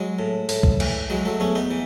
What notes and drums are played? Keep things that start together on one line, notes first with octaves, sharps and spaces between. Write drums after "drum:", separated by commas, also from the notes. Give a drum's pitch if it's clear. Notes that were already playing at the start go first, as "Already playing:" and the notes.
Already playing: F#3 G#3
A2
A2, drum: open hi-hat
drum: kick
E3, drum: cymbal
F#3 G#3
F#3 A3
E2 A3 C#4
B3 D#4
E3